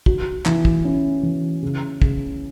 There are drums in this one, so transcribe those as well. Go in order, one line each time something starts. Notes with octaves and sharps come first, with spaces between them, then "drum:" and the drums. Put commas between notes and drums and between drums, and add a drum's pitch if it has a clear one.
F#4, drum: kick
E3, drum: clap
drum: kick
C#4
E3
C#3
C#3, drum: kick